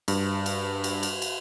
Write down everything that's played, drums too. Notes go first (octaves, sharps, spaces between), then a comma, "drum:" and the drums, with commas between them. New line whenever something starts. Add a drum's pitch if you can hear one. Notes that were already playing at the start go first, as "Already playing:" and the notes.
G2, drum: cymbal
drum: cymbal
drum: cymbal
drum: cymbal
drum: cymbal